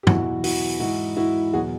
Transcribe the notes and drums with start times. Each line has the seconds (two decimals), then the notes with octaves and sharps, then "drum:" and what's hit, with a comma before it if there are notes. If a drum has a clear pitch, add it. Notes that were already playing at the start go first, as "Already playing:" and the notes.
0.03 G4
0.07 E2 B2 F#3 E4 F#4, drum: tom
0.44 E4 F#4, drum: open hi-hat
0.80 G#2 E3 E4 F#4
1.17 E4 F#4
1.53 E2 B2 F#3 F#4 G#4